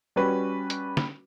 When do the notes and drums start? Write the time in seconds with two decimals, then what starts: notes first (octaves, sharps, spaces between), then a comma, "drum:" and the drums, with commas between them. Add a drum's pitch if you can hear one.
0.16 G3 C#4 F#4 B4
0.70 drum: hi-hat
0.97 drum: snare